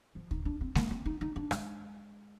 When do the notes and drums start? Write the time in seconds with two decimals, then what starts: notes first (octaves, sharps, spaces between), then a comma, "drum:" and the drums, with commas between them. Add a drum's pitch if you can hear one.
0.15 F3
0.31 D#4, drum: kick D2
0.45 D4
0.61 C4
0.75 A#3, drum: snare G#3
0.91 C4
1.06 D#4
1.21 D#4
1.36 D4
1.51 G#3, drum: rim click